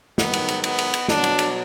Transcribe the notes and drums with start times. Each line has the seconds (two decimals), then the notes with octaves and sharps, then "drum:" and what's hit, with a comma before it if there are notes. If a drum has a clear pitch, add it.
0.18 G#2 D#3 F#3 B3, drum: snare
0.33 drum: cymbal
0.48 drum: cymbal
0.64 B3, drum: cymbal
0.79 drum: cymbal
0.94 drum: cymbal
1.08 B2 F#3 D4, drum: snare
1.24 drum: cymbal
1.39 drum: cymbal